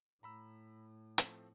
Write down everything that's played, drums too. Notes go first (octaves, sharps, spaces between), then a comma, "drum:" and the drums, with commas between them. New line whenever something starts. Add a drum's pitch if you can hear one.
A2 A#5 B5 E6
F3 A3 C4, drum: hi-hat